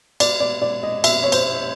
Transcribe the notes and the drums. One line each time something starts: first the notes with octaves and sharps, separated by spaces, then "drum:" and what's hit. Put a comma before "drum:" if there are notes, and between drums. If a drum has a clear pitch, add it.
D5, drum: cymbal
D5
D5
D#5
E5, drum: cymbal
C#5
C5, drum: cymbal